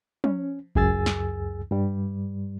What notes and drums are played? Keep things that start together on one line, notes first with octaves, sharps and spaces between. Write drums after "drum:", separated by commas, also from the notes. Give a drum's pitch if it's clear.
C#4, drum: tom
C#2 F#2 G#4 G#5 E6 A6, drum: kick G#1
drum: snare
G2 G3